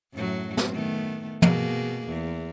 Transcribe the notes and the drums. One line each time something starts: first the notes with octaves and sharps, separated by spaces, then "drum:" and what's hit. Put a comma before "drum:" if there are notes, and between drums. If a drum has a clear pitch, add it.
F#2 A2 F#3
drum: snare
D#3 A3 B3
B2 A#3 G#4, drum: tom
E2